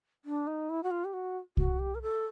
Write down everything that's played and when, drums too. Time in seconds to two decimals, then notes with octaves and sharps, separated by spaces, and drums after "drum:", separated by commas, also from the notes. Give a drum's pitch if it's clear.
0.25 D4
0.47 D#4
0.70 E4
0.83 F#4
0.91 F4
1.04 G4
1.13 F#4
1.57 F#4, drum: kick C2
1.79 G4
1.95 A#4
2.02 A4